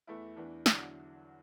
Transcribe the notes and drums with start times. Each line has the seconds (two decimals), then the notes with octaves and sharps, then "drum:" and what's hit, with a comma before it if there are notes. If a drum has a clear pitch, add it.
0.07 E2 E3 A3 E4
0.36 E2 E3 D4
0.66 E2 D3 F#3 D4, drum: snare